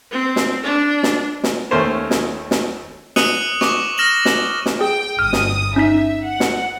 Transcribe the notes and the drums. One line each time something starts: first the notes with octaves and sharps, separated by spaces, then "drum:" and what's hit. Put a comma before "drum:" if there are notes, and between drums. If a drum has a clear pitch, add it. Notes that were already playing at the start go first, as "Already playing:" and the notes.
C4
drum: snare
D4
drum: snare
drum: snare
D#2 A3 C#4 A#4 C5 C#5
drum: snare
drum: snare
D#6 F#6 C#7 D#7 F#7, drum: snare
C#6 D6, drum: snare
F6 A#6 E7 F#7
drum: snare
drum: snare
G#4 G5
G1 D#6 F6
drum: snare
C#4 D#4 E5 B6
F#5
drum: snare